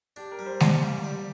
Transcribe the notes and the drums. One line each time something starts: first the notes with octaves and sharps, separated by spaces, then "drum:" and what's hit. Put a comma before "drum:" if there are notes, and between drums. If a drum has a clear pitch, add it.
D4 G4
A#4
G3
C5
D4 D5, drum: snare G#3
G3 F5
G4 D5